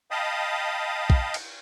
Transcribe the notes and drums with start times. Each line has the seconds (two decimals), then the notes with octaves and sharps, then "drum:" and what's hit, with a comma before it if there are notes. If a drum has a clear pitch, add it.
0.11 D#5 F5 G5 A5 B5 D#6
1.10 drum: kick
1.34 drum: cymbal